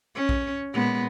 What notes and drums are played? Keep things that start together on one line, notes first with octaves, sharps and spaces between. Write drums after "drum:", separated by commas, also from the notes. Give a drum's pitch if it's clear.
C#4
drum: kick A#1
A#2 G#3 B3